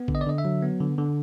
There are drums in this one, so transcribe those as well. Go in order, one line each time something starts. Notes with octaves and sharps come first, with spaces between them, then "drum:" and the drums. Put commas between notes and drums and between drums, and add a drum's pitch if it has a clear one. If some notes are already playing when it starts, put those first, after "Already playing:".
Already playing: B3
D3, drum: kick
D#5
D5
D3 D#5
E5
F#3
B3
D3
D3